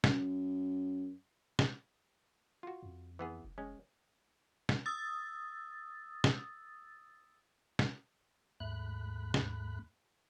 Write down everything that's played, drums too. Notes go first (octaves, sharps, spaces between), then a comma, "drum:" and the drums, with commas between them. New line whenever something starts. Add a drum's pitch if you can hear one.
F#2, drum: snare
drum: snare
F4 F#4
F2
E3 B3 G#4
F1
G#3 C#4
drum: snare
D#6 E6 A6
drum: snare
drum: snare
D#2 G#2 A3 B5 F#6
drum: snare